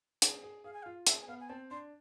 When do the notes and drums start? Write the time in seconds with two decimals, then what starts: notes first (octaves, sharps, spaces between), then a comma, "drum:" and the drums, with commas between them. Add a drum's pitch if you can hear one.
0.22 G#4, drum: hi-hat
0.43 G#4
0.64 G#4 F5
0.73 G#5
0.83 F5
0.86 F4
1.07 G#4 E5, drum: hi-hat
1.21 G#5
1.28 B3 F5
1.40 G#5
1.49 C4 A5
1.71 D4 C6